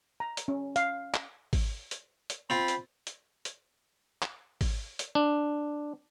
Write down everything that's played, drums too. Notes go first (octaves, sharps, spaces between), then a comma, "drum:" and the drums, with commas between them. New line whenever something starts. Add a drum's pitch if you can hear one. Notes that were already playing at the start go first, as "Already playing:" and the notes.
A#5
drum: hi-hat
C#4
F5, drum: hi-hat
drum: clap
drum: kick G#1, open hi-hat
drum: hi-hat
drum: hi-hat
C4 F4 B5
drum: hi-hat
drum: hi-hat
drum: hi-hat
drum: clap
drum: kick G#1, open hi-hat
drum: hi-hat
D4